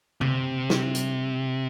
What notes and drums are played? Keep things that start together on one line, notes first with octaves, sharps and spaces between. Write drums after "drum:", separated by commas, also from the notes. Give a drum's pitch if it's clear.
C3, drum: tom C3
drum: snare
drum: hi-hat